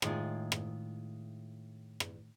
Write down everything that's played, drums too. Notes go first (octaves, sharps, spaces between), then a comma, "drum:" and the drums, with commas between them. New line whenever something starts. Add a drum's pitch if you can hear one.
A2 D#3 G#3 F4, drum: rim click
drum: rim click
drum: rim click